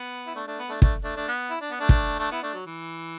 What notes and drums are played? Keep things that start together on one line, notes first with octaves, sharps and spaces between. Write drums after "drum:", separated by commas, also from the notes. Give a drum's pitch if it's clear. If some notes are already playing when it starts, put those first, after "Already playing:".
Already playing: B3
E4
A3 D4
A3 D4
B3
A3 D4
A3 D4, drum: kick
A3 D4
A3 D4
B3
E4
D4
B3
A3 D4
drum: kick
A3 D4
B3 E4
A3 D4
F#3
E3